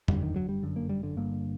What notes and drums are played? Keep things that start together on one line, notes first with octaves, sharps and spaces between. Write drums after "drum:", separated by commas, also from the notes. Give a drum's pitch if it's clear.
G1 F#2 D3 G3, drum: tom E2
D#3
F#3
G3
G1 F#2 D3
A#3
G3
D3
G1 G2 D3 A#3